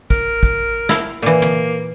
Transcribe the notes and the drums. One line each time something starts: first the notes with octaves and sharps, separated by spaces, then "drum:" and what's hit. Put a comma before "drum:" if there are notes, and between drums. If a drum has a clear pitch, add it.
A#4, drum: kick
drum: kick
E4, drum: snare
A#2 E3 A#3
drum: tom